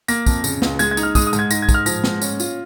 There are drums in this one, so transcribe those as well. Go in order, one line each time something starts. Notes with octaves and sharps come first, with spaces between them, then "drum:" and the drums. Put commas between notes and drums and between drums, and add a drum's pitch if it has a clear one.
A#3 A#6, drum: tambourine
F2, drum: kick, tambourine
C#3, drum: tambourine
C#2, drum: snare
G#3 G#6, drum: tambourine
G#6
D#4, drum: tambourine
F6
G#3 D#6, drum: kick, tambourine
D#6
G#2, drum: tambourine
G#6
D#4 A#6, drum: tambourine
G#6
G#2, drum: kick, tambourine
F6
F3 A#6, drum: tambourine
G#2, drum: snare
C#4, drum: tambourine
F4, drum: tambourine